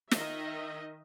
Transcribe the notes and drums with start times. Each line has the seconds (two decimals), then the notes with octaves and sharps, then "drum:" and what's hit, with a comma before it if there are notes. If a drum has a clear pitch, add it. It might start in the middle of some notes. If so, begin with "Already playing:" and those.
0.11 D#3 D#5 E5, drum: snare